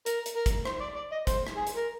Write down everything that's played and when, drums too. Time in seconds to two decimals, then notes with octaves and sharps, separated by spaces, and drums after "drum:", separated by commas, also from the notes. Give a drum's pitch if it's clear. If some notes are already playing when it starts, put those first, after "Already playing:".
0.06 A#4, drum: hi-hat
0.26 drum: hi-hat
0.36 A#4
0.46 drum: kick, hi-hat
0.65 C5, drum: rim click
0.81 D5
0.96 D5
1.12 D#5
1.27 C5, drum: kick, hi-hat
1.47 drum: rim click
1.56 G#4
1.67 drum: hi-hat
1.76 A#4